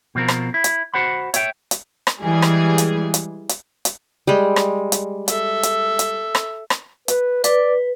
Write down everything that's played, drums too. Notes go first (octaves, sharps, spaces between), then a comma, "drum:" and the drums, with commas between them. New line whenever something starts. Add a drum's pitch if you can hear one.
B2 F3 C4 A#4
drum: rim click
E4
drum: hi-hat
F#4 C5 F#5 B5
C#5 E5 G5, drum: hi-hat
drum: hi-hat
drum: rim click
E3 G3 G#3 G#4
drum: rim click
drum: hi-hat
drum: hi-hat
drum: hi-hat
drum: hi-hat
G3 G#3
drum: rim click
drum: hi-hat
A4 E5, drum: hi-hat
drum: hi-hat
drum: hi-hat
drum: rim click
drum: rim click
B4, drum: hi-hat
B4 D5, drum: hi-hat